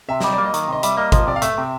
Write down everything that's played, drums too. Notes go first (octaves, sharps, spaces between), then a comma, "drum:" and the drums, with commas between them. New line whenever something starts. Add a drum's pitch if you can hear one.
C3 E5
G3 D#5, drum: snare
D5
A#3
D#5
D#3, drum: hi-hat
C3 D#5
G3 E5, drum: hi-hat
A#3 D#5
F3 D#5, drum: kick G#1, hi-hat
C3 D5
F5
A3 E5, drum: hi-hat
C3